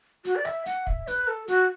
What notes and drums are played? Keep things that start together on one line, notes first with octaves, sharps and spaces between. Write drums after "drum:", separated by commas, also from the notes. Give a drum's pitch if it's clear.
F#4, drum: hi-hat
D5
E5, drum: rim click
F#5, drum: hi-hat
E5, drum: kick
B4, drum: hi-hat
A4
F#4, drum: hi-hat